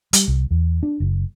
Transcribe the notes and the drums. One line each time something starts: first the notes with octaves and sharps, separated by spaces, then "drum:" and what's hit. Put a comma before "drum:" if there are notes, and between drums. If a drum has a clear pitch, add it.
G3, drum: hi-hat
C2
E2
D4
F#1